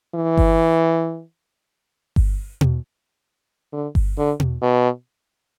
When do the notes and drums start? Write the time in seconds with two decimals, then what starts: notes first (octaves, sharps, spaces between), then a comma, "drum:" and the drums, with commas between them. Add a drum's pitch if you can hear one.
0.15 E3
0.37 drum: kick G1
2.16 drum: kick G1
2.61 drum: tom B2
3.73 D3
3.95 drum: kick G1
4.18 D3
4.40 drum: tom B2
4.62 B2